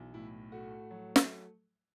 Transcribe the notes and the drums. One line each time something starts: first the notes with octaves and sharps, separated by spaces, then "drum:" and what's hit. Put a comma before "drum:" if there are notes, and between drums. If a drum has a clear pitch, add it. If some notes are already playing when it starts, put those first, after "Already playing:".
Already playing: B1 E3
A2 E4
A3 F#4
F#3
drum: snare